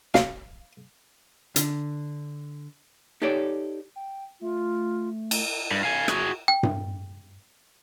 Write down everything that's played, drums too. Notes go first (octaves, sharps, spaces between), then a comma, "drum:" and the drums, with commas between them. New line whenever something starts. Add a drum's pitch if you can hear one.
F5, drum: snare
D3, drum: hi-hat
D#4 G4 A4 C#5 D5
G5
A3 F4
drum: cymbal
G2
F5 G#5
F#4 G#4, drum: rim click
G5
drum: tom G2